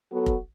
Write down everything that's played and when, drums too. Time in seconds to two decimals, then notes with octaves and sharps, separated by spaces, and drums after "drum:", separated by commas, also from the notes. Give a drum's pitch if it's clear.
0.11 F#3 B3 F#4 A4
0.26 drum: kick F1